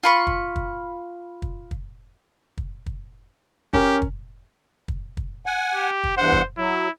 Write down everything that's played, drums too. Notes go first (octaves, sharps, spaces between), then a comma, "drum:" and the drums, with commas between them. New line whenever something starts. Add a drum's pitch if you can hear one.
F4 B5 C#6
drum: kick
drum: kick
drum: kick
drum: kick
drum: kick
drum: kick
C#4 G4 A#4, drum: kick
drum: kick
drum: kick
drum: kick
F#5 G#5
G4
drum: kick
E2 G2 C5 F#5
drum: kick
F#3 E4